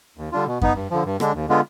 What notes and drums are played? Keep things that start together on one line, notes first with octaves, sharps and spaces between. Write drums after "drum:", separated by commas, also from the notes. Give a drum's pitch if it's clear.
D#2
D3 G3 D4 F4
B2
B3 D#4, drum: kick F#2
G2
D3 F3
G2
D3 G#3 D4, drum: rim click
D#2
D3 G#3 B3 F4